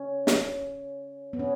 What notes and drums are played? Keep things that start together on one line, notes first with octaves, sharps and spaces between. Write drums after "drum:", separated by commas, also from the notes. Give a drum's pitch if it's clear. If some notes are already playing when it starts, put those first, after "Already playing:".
Already playing: C#4
drum: snare
B3
C#4